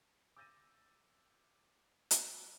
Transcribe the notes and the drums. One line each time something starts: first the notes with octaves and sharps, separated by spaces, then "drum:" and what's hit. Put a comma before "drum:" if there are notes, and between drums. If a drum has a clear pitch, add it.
D6 E6 G6 A6 A#6 D#7
drum: hi-hat